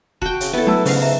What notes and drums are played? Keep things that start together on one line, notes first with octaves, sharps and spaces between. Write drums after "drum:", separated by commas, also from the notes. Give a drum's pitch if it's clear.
F#4 G5 A5, drum: kick E1
C#3, drum: hi-hat
B3 E4 A4
F#3 A3 D4 A5 E6
G#2 C#3 B4 F5, drum: open hi-hat
G#2 E5 A#5